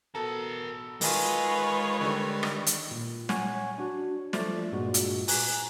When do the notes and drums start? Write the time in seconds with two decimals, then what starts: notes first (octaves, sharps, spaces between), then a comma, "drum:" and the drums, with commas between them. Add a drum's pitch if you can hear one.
0.15 B2 A4 A#4 A5 A#5
1.01 D#3 G#3 D#4 F4 B4 C#5 G#5, drum: open hi-hat
2.01 D3 D#3 G3 C#6
2.43 drum: rim click
2.66 drum: hi-hat
2.91 A#2
3.29 C#5 F#5 G#5, drum: snare
3.78 D4 F#4
4.33 F3 A3 D5, drum: snare
4.72 G2 A#2 G#3 F#4
4.94 drum: hi-hat
5.28 G#5 A#5 F#6, drum: open hi-hat